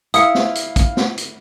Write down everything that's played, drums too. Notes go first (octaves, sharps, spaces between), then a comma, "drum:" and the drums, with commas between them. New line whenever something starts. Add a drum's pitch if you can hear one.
E4 F5 D#6 C#7, drum: hi-hat
drum: snare
drum: hi-hat
drum: kick, hi-hat
drum: snare
drum: hi-hat